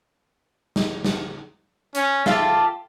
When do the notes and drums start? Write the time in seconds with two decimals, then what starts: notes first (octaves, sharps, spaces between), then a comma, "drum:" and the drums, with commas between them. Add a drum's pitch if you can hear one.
0.76 drum: snare
1.05 drum: snare
1.95 C#4, drum: hi-hat
2.26 F4 G4 A4 E5 F5, drum: snare